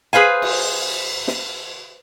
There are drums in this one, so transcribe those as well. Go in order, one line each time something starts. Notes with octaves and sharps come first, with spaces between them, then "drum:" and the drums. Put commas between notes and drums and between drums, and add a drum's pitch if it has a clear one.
G#4 B4 C5 F5 G#5
drum: cymbal
drum: snare